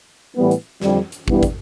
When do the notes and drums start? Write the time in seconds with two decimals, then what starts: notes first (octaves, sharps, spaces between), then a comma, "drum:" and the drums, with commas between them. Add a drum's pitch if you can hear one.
0.36 A2 E3 G3 B3
0.51 drum: hi-hat
0.82 F2 D3 G3, drum: snare
1.12 drum: hi-hat
1.28 G2 E3 G3 B3 E4, drum: kick
1.43 drum: kick, hi-hat